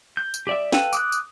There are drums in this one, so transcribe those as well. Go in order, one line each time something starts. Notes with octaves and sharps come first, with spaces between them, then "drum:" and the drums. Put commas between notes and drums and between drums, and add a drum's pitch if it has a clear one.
G6
drum: tambourine
G4 D5 E5
A4 B4 F5 G5, drum: snare
D6 D#6 F#6, drum: tambourine
drum: tambourine